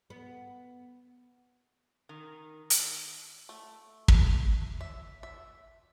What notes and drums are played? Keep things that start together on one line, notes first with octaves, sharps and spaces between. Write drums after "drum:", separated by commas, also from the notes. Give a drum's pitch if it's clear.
B3
D#3
drum: hi-hat
A3
drum: kick
E5
E5